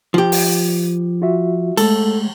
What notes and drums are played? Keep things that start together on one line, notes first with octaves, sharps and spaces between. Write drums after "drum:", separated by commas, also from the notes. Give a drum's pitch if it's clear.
F3 G4
drum: open hi-hat
F4 F#4 E5
G#3 A3 A4, drum: cymbal